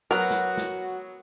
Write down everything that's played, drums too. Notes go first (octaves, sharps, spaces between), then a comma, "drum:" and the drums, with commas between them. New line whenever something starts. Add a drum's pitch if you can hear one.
F#3 B3 F#4 A#4
drum: snare
drum: snare